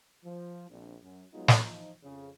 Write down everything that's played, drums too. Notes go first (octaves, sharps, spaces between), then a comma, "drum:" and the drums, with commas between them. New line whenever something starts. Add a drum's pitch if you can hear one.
F3
A#1 C4 D4
F#2
F#3 G#3 B3 D#4 F4
drum: snare
F3 D#4
F2 C#3